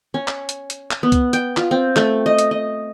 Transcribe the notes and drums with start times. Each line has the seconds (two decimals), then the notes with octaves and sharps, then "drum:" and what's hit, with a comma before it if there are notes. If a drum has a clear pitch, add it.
0.14 C#4
0.28 drum: clap
0.49 drum: hi-hat
0.70 drum: hi-hat
0.91 drum: clap
1.03 B3
1.12 drum: kick C2, hi-hat
1.33 G5, drum: hi-hat
1.57 F4, drum: clap
1.71 C4
1.96 A3, drum: clap
2.26 D#5
2.39 drum: hi-hat
2.51 D#5